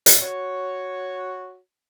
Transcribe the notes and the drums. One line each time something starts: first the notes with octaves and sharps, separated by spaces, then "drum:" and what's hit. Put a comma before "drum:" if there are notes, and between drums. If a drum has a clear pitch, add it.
drum: hi-hat
F#4 C#5